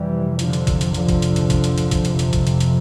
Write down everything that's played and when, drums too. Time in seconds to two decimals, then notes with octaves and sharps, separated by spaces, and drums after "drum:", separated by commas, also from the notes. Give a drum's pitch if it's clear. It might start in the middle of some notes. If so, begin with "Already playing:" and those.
Already playing: F2 C3 E3 G3
0.39 D3 F3, drum: hi-hat
0.53 drum: hi-hat
0.67 drum: kick, hi-hat
0.81 drum: hi-hat
0.94 D3 F3, drum: hi-hat
1.09 drum: kick, hi-hat
1.22 drum: hi-hat
1.36 drum: hi-hat
1.50 drum: kick, hi-hat
1.64 drum: hi-hat
1.78 drum: hi-hat
1.91 drum: kick, hi-hat
2.05 F2 C3, drum: hi-hat
2.19 drum: hi-hat
2.33 drum: kick, hi-hat
2.47 drum: hi-hat
2.60 drum: hi-hat